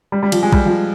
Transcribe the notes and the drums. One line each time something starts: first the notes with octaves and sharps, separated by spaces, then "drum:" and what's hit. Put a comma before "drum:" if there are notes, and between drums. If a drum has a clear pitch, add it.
G3
G3
F3, drum: cymbal
G#3
G3, drum: kick A#1
F3